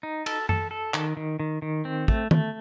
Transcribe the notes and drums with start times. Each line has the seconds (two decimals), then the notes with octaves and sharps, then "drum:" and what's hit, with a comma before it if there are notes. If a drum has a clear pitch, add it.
0.03 D#4
0.26 A4, drum: cymbal
0.49 A4, drum: tom F#2
0.71 A4
0.94 D#3, drum: clap
1.17 D#3
1.40 D#3
1.62 D#3
1.85 C4
2.08 A3, drum: kick
2.31 A3, drum: tom D#3